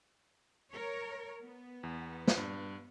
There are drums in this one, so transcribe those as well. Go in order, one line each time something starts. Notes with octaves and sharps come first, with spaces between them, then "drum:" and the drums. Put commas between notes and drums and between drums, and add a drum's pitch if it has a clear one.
A#4 C#5
B3
E2
drum: snare
G2